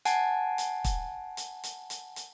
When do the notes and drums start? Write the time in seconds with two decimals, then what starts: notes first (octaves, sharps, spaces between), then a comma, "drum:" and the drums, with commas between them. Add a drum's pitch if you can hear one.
0.05 F#5 G#5 A5, drum: hi-hat
0.58 drum: hi-hat
0.84 drum: kick, hi-hat
1.37 drum: hi-hat
1.64 drum: hi-hat
1.90 drum: hi-hat
2.16 drum: hi-hat